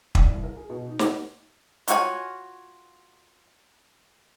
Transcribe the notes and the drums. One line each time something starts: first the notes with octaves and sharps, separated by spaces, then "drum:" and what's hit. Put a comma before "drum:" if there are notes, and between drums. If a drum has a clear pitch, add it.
D5, drum: kick
C2
A#4
G#4
B2
D#4
F#5, drum: snare
F4 F#4 C#5 F#5 G#5, drum: hi-hat